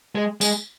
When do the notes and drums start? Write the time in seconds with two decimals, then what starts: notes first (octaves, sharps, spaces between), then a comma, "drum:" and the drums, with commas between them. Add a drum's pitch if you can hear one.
0.15 G#3
0.41 G#3, drum: tambourine